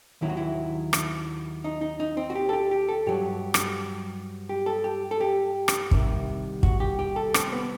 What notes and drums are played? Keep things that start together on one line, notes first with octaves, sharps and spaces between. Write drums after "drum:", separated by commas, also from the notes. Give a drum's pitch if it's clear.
D#2 D#3 F#3 E4
F#4
E4
drum: rim click
D#4
D#4
D#4
C4
F#4
G4
A4
G4
G4
A4
G2 F#3 G4
drum: rim click
G4
A4
G4
A4
G4
drum: rim click
C2 C3 D#3, drum: kick
F#4, drum: kick
G4
G4
A4
C4, drum: rim click
B3